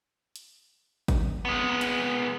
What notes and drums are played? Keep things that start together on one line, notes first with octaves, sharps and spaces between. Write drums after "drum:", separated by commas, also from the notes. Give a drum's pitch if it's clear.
drum: hi-hat
drum: kick, hi-hat
G#3 B3
drum: hi-hat